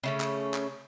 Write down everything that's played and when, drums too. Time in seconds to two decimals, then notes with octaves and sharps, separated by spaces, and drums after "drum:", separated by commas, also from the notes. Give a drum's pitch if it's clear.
0.03 C#3 A3 C#4
0.20 drum: clap
0.54 drum: clap